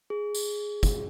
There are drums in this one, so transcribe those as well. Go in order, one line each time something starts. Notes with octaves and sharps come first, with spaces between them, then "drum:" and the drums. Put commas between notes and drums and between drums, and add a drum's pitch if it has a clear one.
G#4
drum: tambourine
drum: kick, tambourine